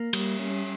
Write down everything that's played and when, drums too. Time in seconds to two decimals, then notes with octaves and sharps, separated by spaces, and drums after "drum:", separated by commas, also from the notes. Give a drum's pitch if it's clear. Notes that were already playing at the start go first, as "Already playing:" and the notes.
Already playing: A#3
0.13 G3, drum: cymbal
0.39 C#4